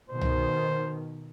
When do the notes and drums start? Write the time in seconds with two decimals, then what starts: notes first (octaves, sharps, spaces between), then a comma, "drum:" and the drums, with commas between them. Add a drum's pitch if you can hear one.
0.10 B2 D#3 C5
0.21 drum: tom C2